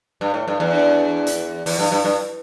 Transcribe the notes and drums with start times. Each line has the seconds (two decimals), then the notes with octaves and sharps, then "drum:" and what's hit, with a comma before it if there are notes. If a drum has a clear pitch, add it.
0.21 G2
0.34 A2
0.48 G2
0.60 E2
0.74 D4
1.27 drum: hi-hat
1.66 E2, drum: open hi-hat
1.79 G2
1.92 G2
2.05 G2